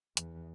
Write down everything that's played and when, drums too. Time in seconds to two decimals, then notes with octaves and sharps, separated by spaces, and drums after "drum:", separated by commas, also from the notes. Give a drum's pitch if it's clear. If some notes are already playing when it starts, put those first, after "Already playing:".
0.17 E2, drum: hi-hat